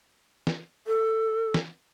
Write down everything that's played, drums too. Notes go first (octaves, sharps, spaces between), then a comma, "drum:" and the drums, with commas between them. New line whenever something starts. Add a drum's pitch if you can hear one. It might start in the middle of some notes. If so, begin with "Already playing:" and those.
drum: snare
A4
drum: snare